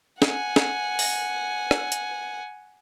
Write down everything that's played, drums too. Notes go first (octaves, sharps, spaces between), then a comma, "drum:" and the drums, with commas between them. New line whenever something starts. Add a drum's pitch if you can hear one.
F#5 G#5, drum: snare
drum: snare
drum: open hi-hat
drum: rim click
drum: hi-hat